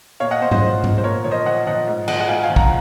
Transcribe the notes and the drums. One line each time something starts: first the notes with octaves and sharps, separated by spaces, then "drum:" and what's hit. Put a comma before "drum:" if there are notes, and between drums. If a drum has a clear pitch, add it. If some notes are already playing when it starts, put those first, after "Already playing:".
A#2 C#5 F5
D#5 F#5
A#2 C5
C5 D#5, drum: tom G#2
F3
A#2, drum: tom G#2
C5
A#2 A#4 C#5
F3 C#5
C5 D#5
F3 D#5 F#5
F3 D#5 F#5
G#2
F3 D#5 F#5, drum: cymbal
F#5
G#2 F5 G#5
F5 G#5
F3
F#5 A#5, drum: kick